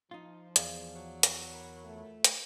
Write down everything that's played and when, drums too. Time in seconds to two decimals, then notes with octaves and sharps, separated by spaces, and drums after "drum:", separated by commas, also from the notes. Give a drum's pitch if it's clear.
0.11 F3 D#4 F4
0.56 E2 G#4 D5 F5, drum: hi-hat
0.95 F#3
1.23 drum: hi-hat
1.52 A#4 B5
1.84 A2 F3 A3
2.24 drum: hi-hat